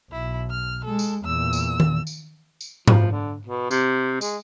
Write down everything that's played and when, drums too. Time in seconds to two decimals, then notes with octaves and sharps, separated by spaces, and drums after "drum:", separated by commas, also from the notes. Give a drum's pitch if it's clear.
0.12 B1 E4
0.50 F6
0.85 G#3 A4
0.99 drum: tambourine
1.25 E2 A#2 E6
1.53 drum: tambourine
1.80 drum: tom D#3
2.07 drum: tambourine
2.61 drum: tambourine
2.87 F3, drum: tom G#2
3.11 D3
3.47 B2
3.71 C3, drum: tambourine
4.21 G#3, drum: tambourine